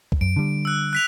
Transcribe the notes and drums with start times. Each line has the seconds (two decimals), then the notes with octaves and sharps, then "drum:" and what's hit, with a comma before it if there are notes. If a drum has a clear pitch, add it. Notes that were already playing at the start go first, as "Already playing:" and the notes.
0.12 drum: kick B1
0.21 F#2 D7
0.36 D3 G3
0.65 E6 F#6
0.93 F#6 B6 F7